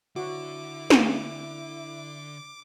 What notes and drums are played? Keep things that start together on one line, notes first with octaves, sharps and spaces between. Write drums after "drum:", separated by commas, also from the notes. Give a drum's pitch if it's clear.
D3 E4 F#4 D6
drum: snare